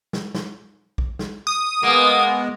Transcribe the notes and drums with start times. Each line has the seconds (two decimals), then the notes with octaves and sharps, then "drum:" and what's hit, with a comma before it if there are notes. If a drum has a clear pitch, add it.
0.13 drum: snare
0.35 drum: snare
0.98 drum: kick
1.19 drum: snare
1.47 D#6
1.83 G#3 A#3 B3